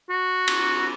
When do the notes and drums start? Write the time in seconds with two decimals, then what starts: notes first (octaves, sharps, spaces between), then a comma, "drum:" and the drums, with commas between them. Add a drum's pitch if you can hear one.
0.09 F#4
0.48 drum: cymbal